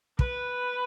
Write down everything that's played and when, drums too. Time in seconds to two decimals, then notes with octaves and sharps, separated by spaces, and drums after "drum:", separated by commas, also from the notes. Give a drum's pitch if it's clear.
0.19 B4, drum: kick